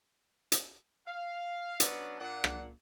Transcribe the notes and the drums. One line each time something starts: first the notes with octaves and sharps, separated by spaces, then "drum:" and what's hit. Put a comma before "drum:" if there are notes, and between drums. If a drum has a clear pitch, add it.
drum: hi-hat
F5
F#3 B3 C#4 D4, drum: hi-hat
A#2 D4 F#5
drum: rim click